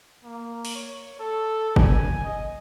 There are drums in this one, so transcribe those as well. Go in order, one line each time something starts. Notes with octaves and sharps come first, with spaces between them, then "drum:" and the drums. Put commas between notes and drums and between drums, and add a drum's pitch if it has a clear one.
A#3
drum: open hi-hat
C#5
A4
G#5, drum: kick F#1
D#5